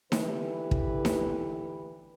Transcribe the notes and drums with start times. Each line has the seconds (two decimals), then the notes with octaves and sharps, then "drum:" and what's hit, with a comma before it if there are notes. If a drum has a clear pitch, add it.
0.12 D3 E3 E4 G4 B4, drum: snare D#4
0.71 drum: kick
1.05 drum: snare D#4